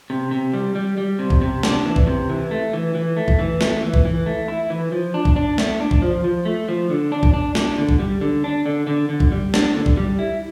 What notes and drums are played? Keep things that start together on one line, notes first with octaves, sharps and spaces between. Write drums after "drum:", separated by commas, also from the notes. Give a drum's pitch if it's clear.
C3
C3
G3
G3
G3
C3
drum: kick
C3
D4, drum: snare
E3
drum: kick
C3
E3
A3
E3
E3
A3
drum: kick
E3
A3, drum: snare
E3
drum: kick
E3
A3
E4
E3
F3
D4
drum: kick
D4
A3, drum: snare
D4
drum: kick
F3
F3
A3
F3
D3
D4
drum: kick
D4
D4, drum: snare
D3
drum: kick
G3
D3
D4
D3
D3
D3
drum: kick
G3
D4, drum: snare
D3
drum: kick
G3
E4